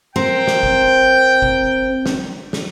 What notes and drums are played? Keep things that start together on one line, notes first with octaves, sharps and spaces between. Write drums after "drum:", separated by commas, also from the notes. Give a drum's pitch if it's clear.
C4 A#4 G5
drum: snare
drum: kick
drum: kick
drum: snare
drum: snare